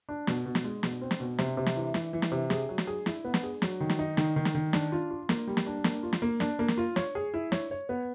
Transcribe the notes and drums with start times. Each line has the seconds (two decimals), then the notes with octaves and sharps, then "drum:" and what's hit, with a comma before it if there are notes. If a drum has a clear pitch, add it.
0.09 D4
0.27 B2, drum: snare
0.45 B2
0.55 drum: snare
0.64 G#3
0.83 B2, drum: snare
1.01 C4
1.11 drum: snare
1.20 B2
1.39 C3, drum: snare
1.57 C3
1.66 drum: snare
1.76 E3
1.94 E3, drum: snare
2.13 E3
2.22 drum: snare
2.32 C3
2.50 G#4, drum: snare
2.69 F#3
2.78 drum: snare
2.87 G#4
3.06 E4, drum: snare
3.25 B3
3.34 drum: snare
3.43 G#4
3.62 F#3, drum: snare
3.80 D#3
3.90 drum: snare
3.99 D#4
4.17 D#3, drum: snare
4.36 D#3
4.45 drum: snare
4.55 D#3
4.73 D4, drum: snare
4.92 F4
5.11 F4
5.29 A#3, drum: snare
5.47 G3
5.57 drum: snare
5.66 D4
5.84 A#3, drum: snare
6.03 F4
6.13 drum: snare
6.22 A#3
6.40 D4, drum: snare
6.59 A#3
6.68 drum: snare
6.78 F4
6.96 C#5, drum: snare
7.15 G#4
7.34 E4
7.52 C#5, drum: snare
7.71 C#5
7.89 B3